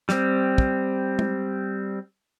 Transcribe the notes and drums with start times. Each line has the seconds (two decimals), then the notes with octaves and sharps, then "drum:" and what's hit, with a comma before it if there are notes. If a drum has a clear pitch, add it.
0.09 G3 C4, drum: snare
0.58 drum: kick
1.19 drum: tom G#3